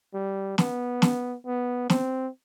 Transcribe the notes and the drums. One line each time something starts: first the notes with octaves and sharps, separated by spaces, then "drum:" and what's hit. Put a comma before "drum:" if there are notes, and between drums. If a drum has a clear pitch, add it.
G3
B3, drum: snare
drum: snare
B3
C4, drum: snare